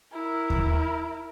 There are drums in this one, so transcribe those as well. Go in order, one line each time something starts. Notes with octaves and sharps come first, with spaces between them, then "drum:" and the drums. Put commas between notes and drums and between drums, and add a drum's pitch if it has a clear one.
E4 A#4
drum: kick D#2